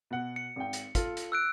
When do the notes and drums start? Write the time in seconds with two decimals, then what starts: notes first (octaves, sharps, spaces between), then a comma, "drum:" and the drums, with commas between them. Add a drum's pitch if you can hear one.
0.11 B2 F#5
0.36 C#7
0.56 G#1 G5
0.73 drum: hi-hat
0.95 F4 A4, drum: kick, hi-hat
1.17 drum: hi-hat
1.32 E6 F#6 D7